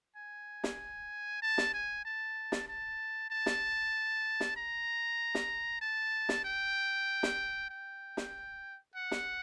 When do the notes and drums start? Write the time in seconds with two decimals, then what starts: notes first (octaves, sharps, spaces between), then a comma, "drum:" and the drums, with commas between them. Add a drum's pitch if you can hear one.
0.16 G#5
0.64 drum: snare
1.42 A5
1.58 drum: snare
1.73 G#5
2.05 A5
2.52 drum: snare
2.68 A5
3.30 A5
3.46 drum: snare
4.40 drum: snare
4.56 A#5
5.35 drum: snare
5.81 A5
6.29 drum: snare
6.44 G5
7.23 drum: snare
7.70 G5
8.17 drum: snare
8.95 F#5
9.11 drum: snare